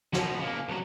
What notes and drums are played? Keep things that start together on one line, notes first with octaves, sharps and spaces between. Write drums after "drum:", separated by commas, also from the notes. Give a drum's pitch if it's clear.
B2 F3, drum: snare
C#3 A#3
C2 F#3